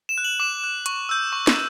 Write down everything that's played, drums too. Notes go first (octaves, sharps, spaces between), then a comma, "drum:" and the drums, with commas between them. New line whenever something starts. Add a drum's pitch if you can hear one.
E7
F#6
F#7
D6 E7
F#6
C#6, drum: hi-hat
E6 G6
C#6
drum: snare